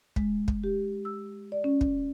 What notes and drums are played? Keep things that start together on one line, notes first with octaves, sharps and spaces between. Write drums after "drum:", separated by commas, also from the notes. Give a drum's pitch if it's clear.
G#3, drum: kick
drum: kick
G4
E6
D5
C#4
drum: kick